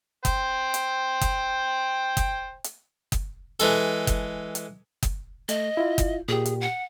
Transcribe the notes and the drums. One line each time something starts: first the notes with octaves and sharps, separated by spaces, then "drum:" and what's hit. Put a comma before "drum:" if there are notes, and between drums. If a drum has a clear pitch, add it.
C5 G5, drum: kick F#1, hi-hat
drum: hi-hat
drum: kick F#1, hi-hat
drum: kick F#1, hi-hat
drum: hi-hat
drum: kick F#1, hi-hat
E3 G#3 A4, drum: hi-hat
drum: kick F#1, hi-hat
drum: hi-hat
drum: kick F#1, hi-hat
A3 D#5, drum: hi-hat
E4 F4
drum: kick F#1, hi-hat
A#2 G4 G#4
drum: hi-hat
F#5